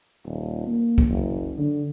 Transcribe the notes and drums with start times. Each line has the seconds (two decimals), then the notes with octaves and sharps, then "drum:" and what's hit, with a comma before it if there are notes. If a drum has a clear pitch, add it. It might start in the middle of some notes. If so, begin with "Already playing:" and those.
0.25 D#1
0.67 A#3
0.98 drum: kick C2
1.09 F#1
1.58 D3